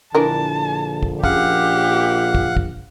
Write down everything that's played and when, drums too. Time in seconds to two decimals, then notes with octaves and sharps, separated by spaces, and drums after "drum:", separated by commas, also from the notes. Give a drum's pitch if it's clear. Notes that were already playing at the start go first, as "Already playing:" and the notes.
0.15 A#1 D3 E3 D4 A#4 A5
1.03 drum: kick
1.24 A#1 C#3 G4 F5 F#5, drum: kick
2.35 drum: kick
2.57 drum: kick